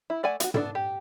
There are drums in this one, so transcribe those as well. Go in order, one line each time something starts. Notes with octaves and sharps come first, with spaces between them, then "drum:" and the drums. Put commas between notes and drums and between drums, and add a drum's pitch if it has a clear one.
E4
A3 D5 F#5 G#5
F4 F#4, drum: hi-hat
B3 D4 E4 A4, drum: tom
G4